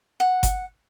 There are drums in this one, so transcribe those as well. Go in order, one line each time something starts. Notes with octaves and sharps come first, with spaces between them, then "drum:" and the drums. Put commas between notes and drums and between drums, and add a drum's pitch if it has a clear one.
F#5
drum: kick G1, hi-hat